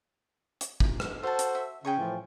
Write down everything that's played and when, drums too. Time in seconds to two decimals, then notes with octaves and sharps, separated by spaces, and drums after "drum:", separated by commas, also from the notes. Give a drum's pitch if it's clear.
0.61 drum: hi-hat
0.80 drum: kick
1.00 drum: rim click
1.23 F#4 A4 C5 F5 A5
1.39 drum: hi-hat
1.55 E5
1.85 C#3 G5 G#5 C#6
1.97 A2 E3 F3